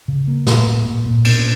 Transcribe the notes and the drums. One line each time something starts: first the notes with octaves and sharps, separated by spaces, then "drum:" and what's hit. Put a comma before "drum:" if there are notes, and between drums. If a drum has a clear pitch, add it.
C#3
A#3
A#2, drum: snare
A#2
A#2
A#2
B2, drum: cymbal